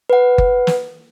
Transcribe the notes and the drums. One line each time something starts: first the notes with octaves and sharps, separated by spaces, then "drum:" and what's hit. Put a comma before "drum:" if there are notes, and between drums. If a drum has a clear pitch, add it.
B4 F#5
drum: kick G1
drum: snare